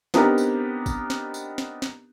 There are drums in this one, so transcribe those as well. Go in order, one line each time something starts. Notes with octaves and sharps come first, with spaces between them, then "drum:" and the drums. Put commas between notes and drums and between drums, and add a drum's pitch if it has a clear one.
B3 C4 D4 D#4 G4 A#4, drum: snare
drum: tambourine
drum: kick, tambourine
drum: snare
drum: tambourine
drum: snare
drum: snare